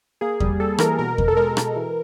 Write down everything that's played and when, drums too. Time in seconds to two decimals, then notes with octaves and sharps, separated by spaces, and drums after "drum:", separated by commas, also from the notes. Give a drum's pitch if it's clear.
0.21 A#3 G#4
0.40 G3, drum: kick E2
0.60 G3 A4
0.78 E3 A#4, drum: rim click
0.99 B2 A#4
1.18 B2, drum: kick E2
1.28 A4
1.37 G#3 A#4
1.57 B2, drum: rim click
1.76 E3